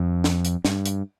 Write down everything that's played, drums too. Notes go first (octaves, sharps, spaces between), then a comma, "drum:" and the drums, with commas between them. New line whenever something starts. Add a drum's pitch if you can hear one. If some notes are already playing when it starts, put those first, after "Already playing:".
Already playing: F2
drum: snare
drum: hi-hat
G2, drum: snare
drum: hi-hat